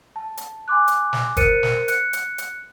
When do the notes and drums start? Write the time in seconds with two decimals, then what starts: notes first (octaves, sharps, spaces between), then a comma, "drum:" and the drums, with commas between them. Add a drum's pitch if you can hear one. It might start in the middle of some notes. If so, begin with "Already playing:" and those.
0.16 A5
0.37 drum: hi-hat
0.68 G#5 C6 D6 F#6
0.88 drum: hi-hat
1.13 drum: snare
1.37 A#4 C5 F#6 A6 C#7 D#7, drum: kick, hi-hat
1.63 drum: snare
1.88 F#6 C#7, drum: hi-hat
2.13 drum: hi-hat
2.38 drum: hi-hat